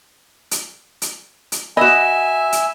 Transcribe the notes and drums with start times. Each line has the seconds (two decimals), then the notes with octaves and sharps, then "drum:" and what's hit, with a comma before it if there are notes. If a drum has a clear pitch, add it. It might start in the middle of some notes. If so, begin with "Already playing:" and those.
0.51 drum: hi-hat
1.02 drum: hi-hat
1.52 drum: hi-hat
1.77 F#4 D#5 E5 G#5 B5 E7
2.52 drum: hi-hat